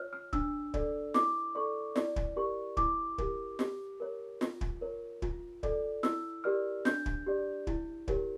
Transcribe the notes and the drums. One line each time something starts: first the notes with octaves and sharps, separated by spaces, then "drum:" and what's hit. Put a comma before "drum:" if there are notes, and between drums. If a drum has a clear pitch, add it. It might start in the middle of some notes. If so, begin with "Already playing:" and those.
Already playing: F4 C#5 F6
F6
D4 E6, drum: kick
A4 D5, drum: kick
E4 D6, drum: snare
A4 D5 C#6
E4 D5, drum: snare
drum: kick
G4 A#4 D5 C#6
E4 D6, drum: kick
G4 A#4, drum: kick
G4, drum: snare
A#4 C#5
F4, drum: snare
drum: kick
A#4 C#5
F4, drum: kick
A4 D5, drum: kick
E4 E6, drum: snare
G4 A#4 D5 F6
D4 G6, drum: snare
drum: kick
G4 D5
E4, drum: kick
G4 A#4 C#5, drum: kick